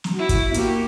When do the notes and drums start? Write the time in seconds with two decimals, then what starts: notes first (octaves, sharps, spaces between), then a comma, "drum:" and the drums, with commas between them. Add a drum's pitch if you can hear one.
0.04 drum: snare
0.14 E4 F#4
0.29 drum: kick, hi-hat
0.54 A#3 F#4 G4, drum: hi-hat